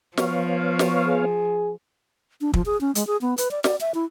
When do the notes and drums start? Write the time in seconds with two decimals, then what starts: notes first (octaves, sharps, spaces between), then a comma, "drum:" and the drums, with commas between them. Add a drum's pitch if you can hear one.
0.17 F3 B3 C#5 F5, drum: snare
0.79 drum: snare
1.07 G#4
2.41 D4
2.54 F3, drum: kick
2.66 G#4
2.81 C#4
2.95 G#3, drum: hi-hat
3.07 G#4
3.21 B3
3.38 B4, drum: hi-hat
3.51 D5
3.64 D5, drum: snare
3.81 E5
3.94 E4